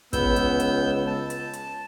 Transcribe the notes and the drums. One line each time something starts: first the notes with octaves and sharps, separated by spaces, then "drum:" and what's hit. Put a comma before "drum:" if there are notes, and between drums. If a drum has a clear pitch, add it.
C#2 B3 E6 G6, drum: kick, hi-hat
drum: hi-hat
drum: hi-hat
A5
drum: hi-hat
drum: hi-hat